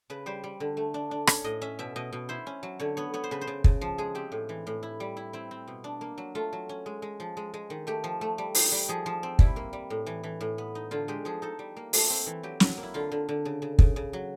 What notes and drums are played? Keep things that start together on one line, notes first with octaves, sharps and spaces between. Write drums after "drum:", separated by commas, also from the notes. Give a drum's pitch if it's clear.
C#3 B4
G3 C5
G3
D3
A3
D4
D4
C#4 C#5, drum: rim click
A2 D#5
C#4 E5
B2 E5
B2 D#5
B2
E4 C5
C#4
F#3
D3 C#5
B3 C#5
B3 C#5
C5
C#3 B4
C5
C#3
C#3, drum: kick
F3
G#3 G#4
C4 G4
A2
E3
A2
E4
G3
E4
C4 E4
C4
B2
D4
A#3
F#3
A3 F4
F#3
C#4
G#3
G#3
F3
G#3
G#3
D#3
A3 G4
F3
A3
G3
D#4, drum: open hi-hat
G3
F3 G#4
F3
C4
G3 E4, drum: kick
A#3
G3
A2
E3
E3
A2
B3
D#4
D3 F4
G#3 G4
F3 G#4
D#4 A4
G3
A#3
A3, drum: open hi-hat
C4
E3
F#3 G4
F#3, drum: snare
A#3
E4
D3 F4
D3
D3
C#3
C#3
C#3, drum: kick
C#3
F#3